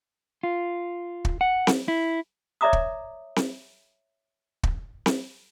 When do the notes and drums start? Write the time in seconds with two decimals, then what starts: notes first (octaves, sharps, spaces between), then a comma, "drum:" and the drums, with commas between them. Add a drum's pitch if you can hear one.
0.43 F4
1.25 drum: kick
1.41 F#5
1.67 drum: snare C4
1.88 E4
2.61 C#5 D5 E5 A#5 D6 D#6
2.73 drum: kick
3.36 drum: snare C4
4.63 drum: kick
5.06 drum: snare C4